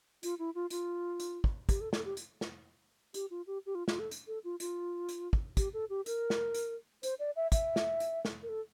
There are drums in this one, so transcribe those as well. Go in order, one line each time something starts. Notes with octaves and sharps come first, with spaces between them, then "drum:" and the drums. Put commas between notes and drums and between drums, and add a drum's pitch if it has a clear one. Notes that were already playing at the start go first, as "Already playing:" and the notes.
F4, drum: hi-hat
E4
F4
F4, drum: hi-hat
drum: hi-hat
drum: kick
G4, drum: kick, hi-hat
A4
A4, drum: snare
G4
drum: hi-hat
drum: snare
G4, drum: hi-hat
F4
G4
G4
F4
F4, drum: snare
A4
drum: hi-hat
A4
F4
F4, drum: hi-hat
drum: hi-hat
drum: kick
G4, drum: kick, hi-hat
A4
G4
A#4, drum: hi-hat
drum: snare
drum: hi-hat
C5, drum: hi-hat
D5
E5
E5, drum: kick, hi-hat
drum: snare
drum: hi-hat
drum: snare
A#4
A4